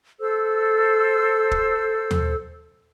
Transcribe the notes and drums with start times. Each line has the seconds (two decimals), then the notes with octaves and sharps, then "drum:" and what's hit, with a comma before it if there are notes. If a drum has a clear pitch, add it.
0.20 A4 C5 E6
1.51 drum: kick
2.11 drum: tom D#2